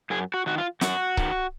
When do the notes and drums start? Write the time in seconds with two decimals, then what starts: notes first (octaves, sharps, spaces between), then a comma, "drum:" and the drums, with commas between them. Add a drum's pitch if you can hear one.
0.10 F#2 G#4
0.34 F#4
0.46 D#3 F#4
0.58 F4
0.81 F#2 F#4, drum: snare
1.17 D#3, drum: kick C#1